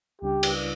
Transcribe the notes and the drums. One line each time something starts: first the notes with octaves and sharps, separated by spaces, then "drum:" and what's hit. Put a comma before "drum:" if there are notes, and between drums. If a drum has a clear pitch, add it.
C#2 C#3 G3 D4 G4
drum: cymbal